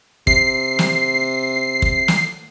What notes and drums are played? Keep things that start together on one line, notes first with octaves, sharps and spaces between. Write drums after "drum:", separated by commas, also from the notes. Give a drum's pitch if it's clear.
C3 C7, drum: kick
drum: snare
drum: kick
drum: snare